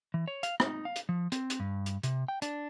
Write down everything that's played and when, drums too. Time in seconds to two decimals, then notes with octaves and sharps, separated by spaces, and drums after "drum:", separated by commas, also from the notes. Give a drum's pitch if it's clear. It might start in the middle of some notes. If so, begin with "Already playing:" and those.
0.14 E3
0.28 C#5
0.43 F5, drum: hi-hat
0.60 D#4, drum: rim click
0.85 F5
0.96 drum: hi-hat
1.09 F3
1.32 C4, drum: hi-hat
1.50 drum: hi-hat
1.60 G2
1.86 drum: hi-hat
2.03 C3, drum: hi-hat
2.28 G5
2.42 D4, drum: hi-hat